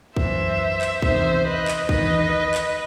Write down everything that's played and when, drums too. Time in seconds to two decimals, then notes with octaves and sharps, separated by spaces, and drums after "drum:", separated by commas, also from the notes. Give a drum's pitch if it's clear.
0.17 F#2 E3 C5 E5, drum: kick
0.81 drum: clap
1.02 E2 C3 D#3 C5 E5, drum: kick
1.46 B4 D#5
1.68 drum: clap
1.89 E2 D#3 B4 D#5, drum: kick
2.54 drum: clap